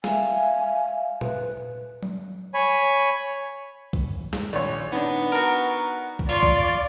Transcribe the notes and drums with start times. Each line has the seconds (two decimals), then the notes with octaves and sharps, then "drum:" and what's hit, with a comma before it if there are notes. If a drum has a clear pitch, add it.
0.04 E5 F5 G#5, drum: snare
1.21 B4, drum: tom A#2
2.03 drum: tom F#3
2.54 C#5 G#5 B5
3.93 drum: kick C2
4.33 drum: snare
4.53 A#1 C#5
4.93 B3 D4 D#4
5.32 F#4 A#4
6.19 drum: kick C2
6.29 F4 C#5 D5 C6
6.43 drum: kick C2